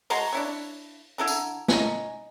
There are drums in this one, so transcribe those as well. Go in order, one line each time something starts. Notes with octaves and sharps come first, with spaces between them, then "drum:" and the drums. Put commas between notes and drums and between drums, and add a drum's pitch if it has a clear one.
G#3 F#4 A#5 C6, drum: open hi-hat
D4 E4 C#5
D3 E4 A4 A#5
drum: tambourine
C#4 D#4, drum: snare